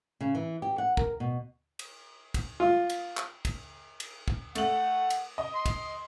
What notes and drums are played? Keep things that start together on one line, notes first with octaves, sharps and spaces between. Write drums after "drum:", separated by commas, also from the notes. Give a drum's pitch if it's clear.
C#3
E3
G4
F#5
A#4, drum: kick
B2
drum: cymbal
drum: kick, cymbal
F4
drum: cymbal
drum: clap
drum: kick, cymbal
drum: cymbal
drum: kick
A3 F#5 F#7, drum: cymbal
drum: cymbal
D#5
C6
drum: kick, cymbal